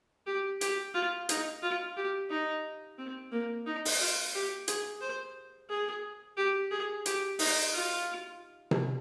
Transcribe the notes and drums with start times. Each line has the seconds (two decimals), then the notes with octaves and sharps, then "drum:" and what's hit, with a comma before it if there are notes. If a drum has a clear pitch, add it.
0.27 G4
0.61 G4, drum: hi-hat
0.94 F4
1.29 D#4, drum: hi-hat
1.63 F4
1.97 G4
2.30 D#4
2.98 C4
3.32 A#3
3.66 D#4
3.85 drum: open hi-hat
4.00 F4
4.34 G4
4.68 G#4, drum: hi-hat
5.01 C5
5.70 G#4
6.37 G4
6.71 G#4
7.06 G4, drum: hi-hat
7.39 D#4, drum: open hi-hat
7.73 F4
8.71 drum: tom C3